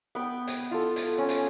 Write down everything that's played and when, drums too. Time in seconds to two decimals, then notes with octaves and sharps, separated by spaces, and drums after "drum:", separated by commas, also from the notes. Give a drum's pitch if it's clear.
0.15 B3 G5
0.47 drum: hi-hat
0.71 F4 A4
0.96 drum: hi-hat
1.18 C#4
1.29 drum: hi-hat